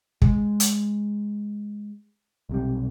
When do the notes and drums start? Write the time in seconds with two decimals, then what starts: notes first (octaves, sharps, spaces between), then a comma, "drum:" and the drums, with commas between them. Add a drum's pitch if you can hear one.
0.22 G#3, drum: kick
0.60 drum: hi-hat
2.49 B1 C3 G3